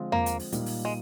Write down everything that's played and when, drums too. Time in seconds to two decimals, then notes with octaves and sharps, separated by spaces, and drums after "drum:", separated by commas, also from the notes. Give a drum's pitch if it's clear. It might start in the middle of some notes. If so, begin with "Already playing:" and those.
Already playing: D3 F3 G#3 C4 F4
0.12 A#3, drum: tom E2
0.26 drum: hi-hat
0.39 drum: open hi-hat
0.52 A#2 G3 A#3 D#4, drum: hi-hat
0.66 drum: open hi-hat
0.85 G#3